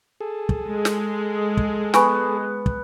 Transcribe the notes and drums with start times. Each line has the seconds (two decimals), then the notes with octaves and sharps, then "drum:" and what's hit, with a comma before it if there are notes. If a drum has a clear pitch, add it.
0.21 G#4 A4
0.49 drum: kick
0.67 G#3
0.85 drum: snare
1.57 drum: kick
1.94 B3 G#5 B5 C#6, drum: snare
2.66 drum: kick